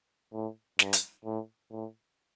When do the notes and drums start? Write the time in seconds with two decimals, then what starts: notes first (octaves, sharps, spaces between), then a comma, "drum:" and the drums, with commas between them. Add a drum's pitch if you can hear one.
0.33 A2
0.79 G2, drum: snare
0.93 drum: hi-hat
1.25 A2
1.71 A2